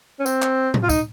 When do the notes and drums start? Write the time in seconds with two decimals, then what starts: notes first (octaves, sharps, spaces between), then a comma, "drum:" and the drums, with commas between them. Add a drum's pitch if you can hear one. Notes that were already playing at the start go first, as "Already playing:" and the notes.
0.20 C#4
0.26 C4, drum: tambourine
0.42 drum: clap
0.74 drum: tom A2
0.83 F4
0.90 D#4, drum: kick, tambourine